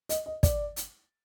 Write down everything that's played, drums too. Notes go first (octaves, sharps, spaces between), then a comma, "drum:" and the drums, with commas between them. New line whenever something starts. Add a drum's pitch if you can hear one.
D#5, drum: hi-hat
D#5
D5, drum: kick, hi-hat
drum: hi-hat